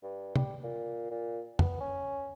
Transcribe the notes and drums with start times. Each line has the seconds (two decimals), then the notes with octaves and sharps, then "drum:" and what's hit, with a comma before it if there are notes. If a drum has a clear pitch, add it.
0.03 G2
0.36 G3, drum: tom
0.63 A#2
1.11 A#2
1.59 B3, drum: tom
1.81 C#4